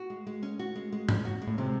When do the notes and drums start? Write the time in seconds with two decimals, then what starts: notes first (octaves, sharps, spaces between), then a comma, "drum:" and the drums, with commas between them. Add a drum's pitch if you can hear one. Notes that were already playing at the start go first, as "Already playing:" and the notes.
Already playing: F#4
0.10 G#3
0.27 G#3
0.43 C#4
0.59 F#4
0.76 G#3
0.92 G#3
1.09 C#4, drum: tom G#2
1.25 F#4
1.42 G#3
1.47 A2
1.58 C3 G#3